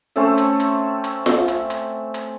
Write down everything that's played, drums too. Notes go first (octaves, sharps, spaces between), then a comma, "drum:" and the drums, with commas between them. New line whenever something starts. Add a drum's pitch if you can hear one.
A3 C4 C#4 A4
drum: hi-hat
drum: hi-hat
drum: hi-hat
drum: snare F4
drum: hi-hat
drum: hi-hat
drum: hi-hat